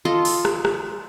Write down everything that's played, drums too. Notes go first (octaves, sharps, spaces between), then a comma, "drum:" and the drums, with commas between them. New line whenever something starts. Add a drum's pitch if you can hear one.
F4 A4 D#5
drum: open hi-hat
drum: rim click
drum: rim click